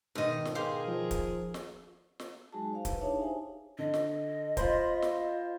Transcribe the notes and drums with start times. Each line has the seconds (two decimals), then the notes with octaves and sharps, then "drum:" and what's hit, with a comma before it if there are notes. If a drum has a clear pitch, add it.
0.15 G#2 B2 D#3 D#5
0.45 drum: snare
0.55 G4 G#4 A#4 C5 F5
0.88 F3
1.11 drum: kick, hi-hat
1.54 drum: snare
2.20 drum: snare
2.53 F#3 G#3 D#4 F#4 G#4 A5
2.71 C5 D5 F5
2.85 E4 B4, drum: kick, hi-hat
3.01 D4 D#4 G#4 C#5 E5 A5
3.20 D#4 G4 G#4 C5 F5 G#5
3.79 D3 D#5
3.94 drum: snare
4.57 F4 C5 B5 C6, drum: kick, hi-hat
5.02 drum: snare